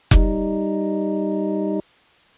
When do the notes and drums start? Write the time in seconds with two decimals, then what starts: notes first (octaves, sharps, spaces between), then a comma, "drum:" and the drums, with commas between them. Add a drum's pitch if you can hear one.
0.11 G3 D#4, drum: kick F1